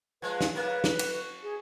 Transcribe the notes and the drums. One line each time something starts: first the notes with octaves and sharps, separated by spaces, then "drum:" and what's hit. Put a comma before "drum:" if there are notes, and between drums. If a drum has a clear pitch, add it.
F3 G#3 B4
drum: snare
C#3 A#3 A#4 B4
drum: snare
F#4, drum: cymbal
G#4